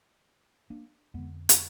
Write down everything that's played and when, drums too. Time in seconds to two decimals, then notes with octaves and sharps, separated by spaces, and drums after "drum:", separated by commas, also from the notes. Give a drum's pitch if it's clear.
0.70 A#3 D4
1.14 F2 D3 G#3 B3
1.49 drum: hi-hat